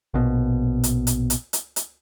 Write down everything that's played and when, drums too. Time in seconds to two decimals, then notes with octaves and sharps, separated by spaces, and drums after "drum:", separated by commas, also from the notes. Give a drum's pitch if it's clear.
0.14 A#1 B2
0.84 drum: hi-hat
1.07 drum: hi-hat
1.30 drum: hi-hat
1.53 drum: hi-hat
1.76 drum: hi-hat